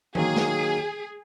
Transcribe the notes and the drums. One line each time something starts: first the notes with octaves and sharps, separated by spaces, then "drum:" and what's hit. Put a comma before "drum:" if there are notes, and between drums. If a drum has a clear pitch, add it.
D#3 F#3 A#3 G#4, drum: tom E3
drum: snare